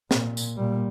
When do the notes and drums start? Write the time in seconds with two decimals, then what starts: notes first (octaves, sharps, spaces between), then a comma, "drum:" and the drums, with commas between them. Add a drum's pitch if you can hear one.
0.11 A#2, drum: snare
0.37 drum: tambourine
0.57 A#2 G3